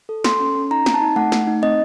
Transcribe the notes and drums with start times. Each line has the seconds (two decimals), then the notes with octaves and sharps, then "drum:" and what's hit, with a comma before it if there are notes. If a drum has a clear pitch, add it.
0.09 A4
0.24 A4 C6, drum: snare
0.40 C#4
0.55 C#4
0.71 D#4 A#5
0.86 C4, drum: snare
0.94 A5
1.02 D#4
1.16 A3 F#5
1.32 A3, drum: snare
1.47 D#4
1.62 C4 D#5